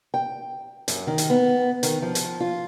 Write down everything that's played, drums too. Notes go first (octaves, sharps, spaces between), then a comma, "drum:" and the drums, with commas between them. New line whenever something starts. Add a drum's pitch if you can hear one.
G5
F#2, drum: hi-hat
D#3
drum: hi-hat
B3
D#3, drum: hi-hat
F3
drum: hi-hat
F4